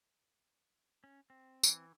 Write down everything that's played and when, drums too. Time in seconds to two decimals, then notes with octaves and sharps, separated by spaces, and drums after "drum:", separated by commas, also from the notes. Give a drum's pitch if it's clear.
1.04 C#4
1.30 C4
1.63 E3, drum: tambourine